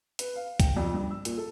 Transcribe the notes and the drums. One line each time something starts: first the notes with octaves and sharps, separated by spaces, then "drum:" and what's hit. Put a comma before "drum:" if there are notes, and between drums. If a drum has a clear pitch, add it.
B4, drum: hi-hat
F5
G5, drum: kick, hi-hat
F2
G2
E6
A#2, drum: hi-hat
A4